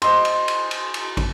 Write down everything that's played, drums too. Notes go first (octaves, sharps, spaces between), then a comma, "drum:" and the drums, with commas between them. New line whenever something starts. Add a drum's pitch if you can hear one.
C5 D#5 C6, drum: cymbal
drum: cymbal
drum: cymbal
drum: cymbal
drum: cymbal
drum: kick, cymbal